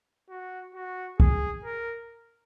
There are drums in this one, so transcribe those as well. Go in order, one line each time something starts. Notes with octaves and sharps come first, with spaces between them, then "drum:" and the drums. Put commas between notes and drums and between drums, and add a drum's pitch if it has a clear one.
F#4
F#4
G#4, drum: kick
A#4